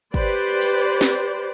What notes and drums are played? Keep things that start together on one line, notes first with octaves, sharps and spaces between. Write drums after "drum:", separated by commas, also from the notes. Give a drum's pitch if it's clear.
G4 B4 C5 D5, drum: kick
drum: open hi-hat
drum: snare